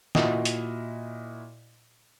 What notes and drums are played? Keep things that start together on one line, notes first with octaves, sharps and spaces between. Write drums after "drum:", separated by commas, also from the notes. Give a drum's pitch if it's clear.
A#2 E4 F#4 D#5, drum: snare
drum: hi-hat